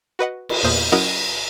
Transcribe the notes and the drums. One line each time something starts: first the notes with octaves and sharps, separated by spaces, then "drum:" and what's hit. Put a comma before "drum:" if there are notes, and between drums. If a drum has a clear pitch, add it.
F#4 B4 D#5 F#5
drum: cymbal
E2 A#2 C5 D#6
F#3 C#4 E4 F#4 A#4 D#5